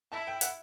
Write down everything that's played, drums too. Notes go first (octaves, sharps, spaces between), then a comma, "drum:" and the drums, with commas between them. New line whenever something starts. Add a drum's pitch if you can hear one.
E4 A5
G5
F#5, drum: hi-hat